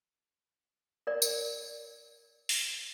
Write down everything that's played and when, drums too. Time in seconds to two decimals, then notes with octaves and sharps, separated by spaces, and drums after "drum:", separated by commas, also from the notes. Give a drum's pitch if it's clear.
1.07 A#4 D5
1.22 drum: tambourine
2.49 drum: open hi-hat